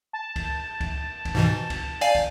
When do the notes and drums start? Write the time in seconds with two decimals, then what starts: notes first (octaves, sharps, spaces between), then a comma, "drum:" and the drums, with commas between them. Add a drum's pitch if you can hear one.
0.13 A5
0.36 drum: kick, cymbal
0.81 drum: kick, cymbal
1.25 drum: kick, cymbal
1.35 G#2 B2 E3
1.70 drum: kick, cymbal
2.01 D5 F5 G#5
2.15 drum: kick, cymbal